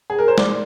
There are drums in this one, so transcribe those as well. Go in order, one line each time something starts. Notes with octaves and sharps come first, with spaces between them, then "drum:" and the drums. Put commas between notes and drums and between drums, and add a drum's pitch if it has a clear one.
G#4
A#4
C5
D5, drum: snare